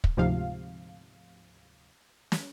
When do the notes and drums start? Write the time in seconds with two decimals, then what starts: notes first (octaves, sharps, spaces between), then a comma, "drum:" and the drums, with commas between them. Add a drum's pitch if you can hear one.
0.04 drum: kick
0.17 D2 G#2 C3 F3 F5
2.32 drum: snare